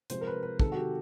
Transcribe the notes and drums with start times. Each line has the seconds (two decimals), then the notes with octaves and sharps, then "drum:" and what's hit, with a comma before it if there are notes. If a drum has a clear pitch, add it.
0.10 C3 F3 G#3 C5, drum: hi-hat
0.21 A#4
0.27 B4
0.43 B4
0.60 C3 D#3 G#3 A4, drum: kick
0.72 F#4
0.77 G4